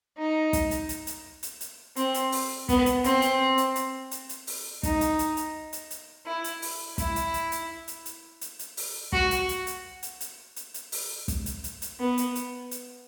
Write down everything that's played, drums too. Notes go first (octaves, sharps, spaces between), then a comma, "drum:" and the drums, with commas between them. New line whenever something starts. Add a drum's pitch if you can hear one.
D#4
drum: kick, hi-hat
drum: hi-hat
drum: hi-hat
drum: hi-hat
drum: hi-hat
drum: hi-hat
C4, drum: hi-hat
drum: hi-hat
drum: open hi-hat
B3, drum: kick, hi-hat
drum: hi-hat
C4, drum: hi-hat
drum: hi-hat
drum: hi-hat
drum: hi-hat
drum: hi-hat
drum: hi-hat
drum: open hi-hat
D#4, drum: kick, hi-hat
drum: hi-hat
drum: hi-hat
drum: hi-hat
drum: hi-hat
drum: hi-hat
E4
drum: hi-hat
drum: open hi-hat
E4, drum: kick, hi-hat
drum: hi-hat
drum: hi-hat
drum: hi-hat
drum: hi-hat
drum: hi-hat
drum: hi-hat
drum: hi-hat
drum: open hi-hat
F#4, drum: kick
drum: hi-hat
drum: hi-hat
drum: hi-hat
drum: hi-hat
drum: hi-hat
drum: hi-hat
drum: hi-hat
drum: open hi-hat
drum: kick, hi-hat
drum: hi-hat
drum: hi-hat
drum: hi-hat
B3
drum: hi-hat
drum: hi-hat
drum: hi-hat